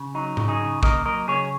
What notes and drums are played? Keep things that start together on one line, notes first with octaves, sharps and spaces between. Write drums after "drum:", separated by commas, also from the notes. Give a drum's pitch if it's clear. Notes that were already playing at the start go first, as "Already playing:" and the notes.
Already playing: C#3
F#3 D#4
C#3, drum: tom G#2
D#4 G#4
C#3
A#3 A#4 D#5, drum: kick
F#3 A#4 D#5
C#3 G#4 C#5